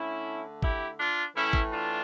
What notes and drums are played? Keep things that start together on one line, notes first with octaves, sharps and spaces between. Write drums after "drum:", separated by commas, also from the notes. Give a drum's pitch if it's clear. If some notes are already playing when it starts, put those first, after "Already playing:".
Already playing: D3 A3 C#4 E4
E4 G4, drum: kick
D4 F4
A2 E3 A3 C#4 E4
drum: kick
D4 F4